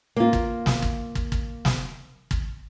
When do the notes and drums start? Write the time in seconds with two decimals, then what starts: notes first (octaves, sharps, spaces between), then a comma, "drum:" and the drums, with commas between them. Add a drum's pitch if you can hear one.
0.16 A#3 F4
0.33 drum: kick
0.66 drum: snare
0.82 drum: kick
1.15 drum: kick
1.32 drum: kick
1.65 drum: snare
2.31 drum: kick